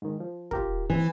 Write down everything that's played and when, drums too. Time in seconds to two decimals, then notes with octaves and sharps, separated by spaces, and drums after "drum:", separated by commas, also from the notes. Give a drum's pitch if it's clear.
0.02 G#2 D#3
0.20 F3
0.51 F4 G4 A#4, drum: kick
0.90 D#3 E3 C4